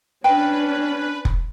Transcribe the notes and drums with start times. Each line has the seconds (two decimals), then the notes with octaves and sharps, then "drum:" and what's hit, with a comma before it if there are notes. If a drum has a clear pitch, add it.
0.24 C#4 D4 B4 G5
1.25 drum: kick F1